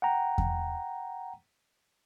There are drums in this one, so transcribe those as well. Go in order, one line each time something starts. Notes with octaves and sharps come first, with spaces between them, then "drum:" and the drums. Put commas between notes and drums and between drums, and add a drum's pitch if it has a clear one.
F#5 G5 A#5
drum: kick E2